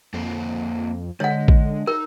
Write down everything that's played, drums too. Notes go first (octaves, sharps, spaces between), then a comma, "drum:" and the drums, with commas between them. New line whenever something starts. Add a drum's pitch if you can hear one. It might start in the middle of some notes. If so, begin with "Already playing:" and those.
F2 A#3 A4 C5
D3 G#3 C#5 F#5
drum: kick A1
D#4 A#4